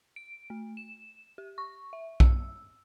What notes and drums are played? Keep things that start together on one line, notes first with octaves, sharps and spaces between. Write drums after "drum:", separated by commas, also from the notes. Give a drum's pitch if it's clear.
D7
A3
E7
G4
C#6
E5
E6, drum: kick B1